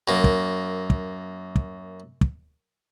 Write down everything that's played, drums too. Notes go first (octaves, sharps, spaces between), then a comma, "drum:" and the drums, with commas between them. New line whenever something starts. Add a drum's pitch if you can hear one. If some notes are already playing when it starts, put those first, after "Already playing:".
F#2 A#3
drum: kick
drum: kick
drum: kick
drum: kick